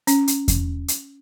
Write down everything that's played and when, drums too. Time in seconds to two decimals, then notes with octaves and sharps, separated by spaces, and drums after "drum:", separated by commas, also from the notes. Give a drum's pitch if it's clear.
0.07 C#4, drum: hi-hat
0.28 drum: hi-hat
0.48 drum: kick E2, hi-hat
0.88 drum: hi-hat